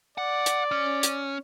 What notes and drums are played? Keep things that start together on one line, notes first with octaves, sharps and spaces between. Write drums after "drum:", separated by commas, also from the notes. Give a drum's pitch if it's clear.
D5 F#5
drum: hi-hat
C#4
drum: hi-hat